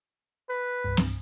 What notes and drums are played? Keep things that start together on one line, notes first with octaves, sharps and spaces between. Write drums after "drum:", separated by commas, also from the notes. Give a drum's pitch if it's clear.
B4
C2 G2
drum: snare